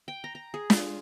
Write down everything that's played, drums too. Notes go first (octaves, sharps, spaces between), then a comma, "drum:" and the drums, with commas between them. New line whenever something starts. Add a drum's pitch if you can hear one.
G5
A#5
A#5
G#4
F4, drum: snare